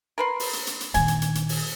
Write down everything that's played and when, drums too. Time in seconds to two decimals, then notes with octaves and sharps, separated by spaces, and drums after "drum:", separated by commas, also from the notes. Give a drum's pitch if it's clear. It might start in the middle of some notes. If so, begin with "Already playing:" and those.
0.18 A#4 B4 C6
0.40 drum: open hi-hat
0.53 drum: hi-hat
0.67 drum: hi-hat
0.81 drum: hi-hat
0.94 A#2 D#3 G#5, drum: hi-hat
1.08 drum: hi-hat
1.22 drum: hi-hat
1.35 drum: hi-hat
1.49 drum: open hi-hat